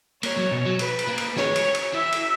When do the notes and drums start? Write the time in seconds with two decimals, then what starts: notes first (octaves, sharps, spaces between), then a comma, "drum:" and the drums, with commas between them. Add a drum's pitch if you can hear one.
0.23 A#3 C#5, drum: cymbal
0.37 F#3
0.51 B2
0.65 F#3
0.79 B4, drum: cymbal
0.99 drum: cymbal
1.08 A#3
1.18 drum: cymbal
1.36 G#3 C#5, drum: snare
1.56 drum: cymbal
1.74 drum: cymbal
1.93 E3 E5
2.12 drum: cymbal